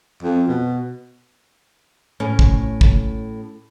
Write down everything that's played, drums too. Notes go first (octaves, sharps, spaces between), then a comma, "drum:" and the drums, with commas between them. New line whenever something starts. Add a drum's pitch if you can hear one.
F2
B2
A2 C#4
drum: kick
drum: kick